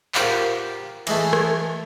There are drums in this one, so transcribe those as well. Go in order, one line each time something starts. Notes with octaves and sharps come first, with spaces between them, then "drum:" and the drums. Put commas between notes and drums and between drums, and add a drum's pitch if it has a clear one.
F4 G4 A#4 C5 F5 F#5, drum: clap
E3 G#3 A3, drum: cymbal
drum: rim click